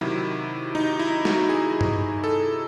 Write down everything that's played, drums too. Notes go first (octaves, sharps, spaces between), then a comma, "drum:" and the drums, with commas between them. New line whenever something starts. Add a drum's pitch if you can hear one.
C3 D#3 F#3 E4
D#4
E4
F#4, drum: snare
G#4
drum: tom G2
A4